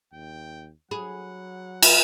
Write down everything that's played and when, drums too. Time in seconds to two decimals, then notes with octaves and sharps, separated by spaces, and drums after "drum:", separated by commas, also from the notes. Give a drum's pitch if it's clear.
0.13 D#2 G5
0.91 F#3 G#4 F#5 B5
1.82 drum: cymbal